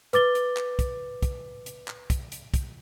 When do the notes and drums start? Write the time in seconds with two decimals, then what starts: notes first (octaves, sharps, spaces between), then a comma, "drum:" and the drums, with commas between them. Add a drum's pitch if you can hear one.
0.13 B4 D6 A6 G7, drum: hi-hat
0.35 drum: hi-hat
0.57 drum: clap
0.79 drum: kick, hi-hat
1.22 drum: kick, hi-hat
1.66 drum: hi-hat
1.88 drum: clap
2.10 drum: kick, hi-hat
2.32 drum: hi-hat
2.54 drum: kick, hi-hat